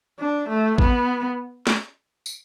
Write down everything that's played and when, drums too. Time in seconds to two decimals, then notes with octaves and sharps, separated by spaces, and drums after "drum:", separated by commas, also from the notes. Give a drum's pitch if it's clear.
0.19 D4
0.49 A3
0.78 B3, drum: kick A1
1.67 drum: snare
2.26 drum: tambourine